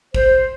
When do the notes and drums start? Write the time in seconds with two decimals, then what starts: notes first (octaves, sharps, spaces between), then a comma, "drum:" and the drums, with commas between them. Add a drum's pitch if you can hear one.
0.14 C5, drum: kick